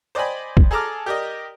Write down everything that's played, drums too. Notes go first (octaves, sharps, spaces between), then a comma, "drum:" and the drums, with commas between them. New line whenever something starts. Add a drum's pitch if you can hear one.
C5 D5 D#5 G5 G#5 B5
drum: kick
G#4 A4 A5 A#5 D6 F6
G4 A#4 D5 D#5